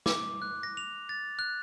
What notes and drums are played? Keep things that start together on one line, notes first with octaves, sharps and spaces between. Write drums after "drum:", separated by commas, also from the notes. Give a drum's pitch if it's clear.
D6, drum: snare
F#6
A#6
F7
A6
F#6